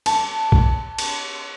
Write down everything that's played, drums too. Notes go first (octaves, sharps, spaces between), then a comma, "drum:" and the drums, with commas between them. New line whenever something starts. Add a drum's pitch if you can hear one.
A5, drum: cymbal
drum: kick
drum: cymbal